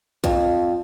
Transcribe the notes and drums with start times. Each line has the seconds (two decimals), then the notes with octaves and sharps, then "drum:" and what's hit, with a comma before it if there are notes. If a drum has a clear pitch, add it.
0.24 F2, drum: kick